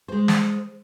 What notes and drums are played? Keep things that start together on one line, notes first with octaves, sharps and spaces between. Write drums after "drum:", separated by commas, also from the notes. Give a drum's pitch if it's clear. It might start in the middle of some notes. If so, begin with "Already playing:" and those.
G#3 C5
drum: snare